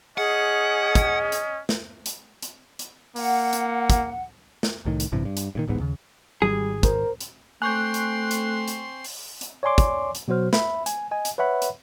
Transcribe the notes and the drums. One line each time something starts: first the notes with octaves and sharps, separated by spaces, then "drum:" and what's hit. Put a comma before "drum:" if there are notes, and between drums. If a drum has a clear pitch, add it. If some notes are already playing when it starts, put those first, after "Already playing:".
C#4 G#4 D#5 F#5
drum: kick, hi-hat
drum: hi-hat
drum: snare
drum: hi-hat
drum: hi-hat
drum: hi-hat
A#3 F#5, drum: open hi-hat
drum: hi-hat
drum: kick, hi-hat
drum: snare
C2 A2 D#3
drum: hi-hat
A1 G2 C3 E3
G2
drum: hi-hat
G2 A#2 D#3
D1 A1 G#2 B3
D#2 C#3
G#1 G3 G#4
A#4 C5, drum: kick, hi-hat
drum: hi-hat
A3 C4 G#5 C6 C#6 F#6 G6
drum: hi-hat
drum: hi-hat
drum: hi-hat
drum: open hi-hat
drum: hi-hat
C#5 D5 G#5 C6 D6
drum: kick, hi-hat
drum: hi-hat
B2 F#3 F#4 C5 F6
E5 B5, drum: snare
G#5, drum: hi-hat
D#5 G#5
drum: hi-hat
B4 C#5 E5 F#5 B5
drum: hi-hat